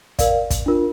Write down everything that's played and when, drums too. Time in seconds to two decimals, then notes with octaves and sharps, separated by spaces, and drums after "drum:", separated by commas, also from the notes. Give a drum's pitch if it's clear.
0.19 A#4 D5 F5, drum: kick, hi-hat
0.50 drum: kick, hi-hat
0.66 D4 F4 A#4